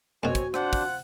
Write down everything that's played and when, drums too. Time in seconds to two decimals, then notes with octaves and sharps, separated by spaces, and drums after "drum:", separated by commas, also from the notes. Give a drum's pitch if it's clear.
0.23 F#2 B2 C4 F#4 C#5 G#5
0.35 drum: kick, hi-hat
0.54 C4 D4 F4 C5 F#5, drum: rim click
0.73 drum: kick, open hi-hat